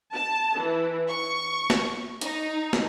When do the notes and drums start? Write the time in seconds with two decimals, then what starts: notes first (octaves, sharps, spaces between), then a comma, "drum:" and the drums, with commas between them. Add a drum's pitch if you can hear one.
0.14 A5
0.58 E3
1.09 C#6
1.70 drum: snare
2.21 D#4, drum: hi-hat
2.73 drum: snare